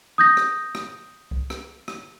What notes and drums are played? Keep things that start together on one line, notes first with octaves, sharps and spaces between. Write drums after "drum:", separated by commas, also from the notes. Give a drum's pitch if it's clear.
D#6 G6 A#6
drum: rim click
drum: rim click
drum: kick C2
drum: rim click
drum: rim click